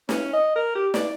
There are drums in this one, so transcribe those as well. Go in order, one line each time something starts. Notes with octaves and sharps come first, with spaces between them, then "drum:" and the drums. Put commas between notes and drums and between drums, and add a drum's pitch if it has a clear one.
C#4, drum: snare
D#5
A#4
G4
D5, drum: snare